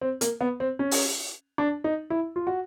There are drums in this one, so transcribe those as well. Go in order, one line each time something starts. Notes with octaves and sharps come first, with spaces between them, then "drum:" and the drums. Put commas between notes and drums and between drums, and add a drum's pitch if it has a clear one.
C4
A#3, drum: hi-hat
B3
C4
C#4
drum: open hi-hat
D4
D#4
E4
F4
F#4